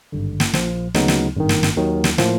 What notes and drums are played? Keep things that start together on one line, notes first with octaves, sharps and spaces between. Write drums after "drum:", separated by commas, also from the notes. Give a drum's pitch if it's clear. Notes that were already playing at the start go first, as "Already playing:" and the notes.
G#1 G2 D3
drum: snare
A#1 A#2 F3, drum: snare
D2 C#3 F#3 B3 D#4, drum: snare
drum: snare
G#1 G2 D#3
drum: snare
drum: snare
D#2 D#3 F#3
drum: snare
A2 F3 A#3, drum: snare